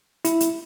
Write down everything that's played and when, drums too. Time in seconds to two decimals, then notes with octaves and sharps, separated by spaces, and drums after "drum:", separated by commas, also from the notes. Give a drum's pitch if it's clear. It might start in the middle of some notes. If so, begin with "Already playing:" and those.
0.25 E4, drum: hi-hat
0.40 drum: hi-hat